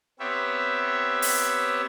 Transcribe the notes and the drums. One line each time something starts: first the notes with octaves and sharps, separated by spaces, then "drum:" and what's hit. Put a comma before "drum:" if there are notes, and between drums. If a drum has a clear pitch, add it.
B3 C4 G4 C#5 E5
drum: open hi-hat